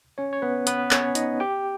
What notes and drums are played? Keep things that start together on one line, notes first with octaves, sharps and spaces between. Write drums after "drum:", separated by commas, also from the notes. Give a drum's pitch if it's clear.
C#4 C#5
C#5
B3 B4
B3 B4, drum: hi-hat
C#4 C#5, drum: clap
D#4 D#5, drum: hi-hat
G4 G5